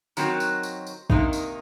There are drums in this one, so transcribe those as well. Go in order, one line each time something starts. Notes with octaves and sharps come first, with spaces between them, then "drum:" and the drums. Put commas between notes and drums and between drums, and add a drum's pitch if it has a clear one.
D#3 F#3 C4 F#4 A#4, drum: tambourine
drum: tambourine
drum: tambourine
drum: tambourine
C3 D#3 A#3 D#4, drum: kick A1
drum: tambourine